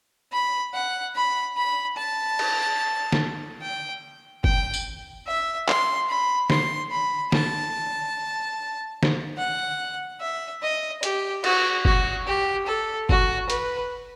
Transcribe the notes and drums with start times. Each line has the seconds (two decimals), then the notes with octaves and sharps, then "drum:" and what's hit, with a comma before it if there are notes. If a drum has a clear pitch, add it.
0.32 B5
0.74 F#5
1.16 B5
1.57 B5
1.97 A5
2.39 drum: cymbal
3.12 drum: snare
3.62 G5
4.44 G5, drum: kick F#1
4.74 drum: tambourine
5.27 E5
5.68 C6, drum: clap
6.09 B5
6.50 C6, drum: snare
6.91 B5
7.32 A5, drum: snare
9.03 drum: snare
9.38 F#5
10.21 E5
10.62 D#5
11.03 G4, drum: hi-hat
11.44 F#4, drum: cymbal
11.85 F#4, drum: kick F#1
12.27 G4
12.67 A4
13.09 F#4, drum: kick F#1
13.50 B4, drum: hi-hat